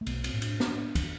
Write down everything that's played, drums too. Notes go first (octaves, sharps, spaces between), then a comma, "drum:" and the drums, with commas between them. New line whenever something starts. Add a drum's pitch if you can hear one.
A3
B1 B3, drum: cymbal
C4, drum: cymbal
A2
D4, drum: cymbal
D4, drum: snare
drum: kick, cymbal